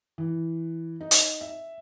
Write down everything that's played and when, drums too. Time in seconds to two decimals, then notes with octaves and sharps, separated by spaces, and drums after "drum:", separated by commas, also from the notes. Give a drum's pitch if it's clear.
0.18 E3
1.01 D#4
1.11 drum: hi-hat
1.41 E5